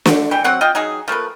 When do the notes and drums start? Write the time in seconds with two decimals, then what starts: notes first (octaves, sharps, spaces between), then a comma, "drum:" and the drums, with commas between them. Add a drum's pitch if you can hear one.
0.06 D3 A3, drum: snare
0.31 E3 G5
0.44 F#3 C4 F#5
0.61 F4 D#5 G5
0.75 F#3 D#4 G#4
1.08 F3 A3 A#3 B4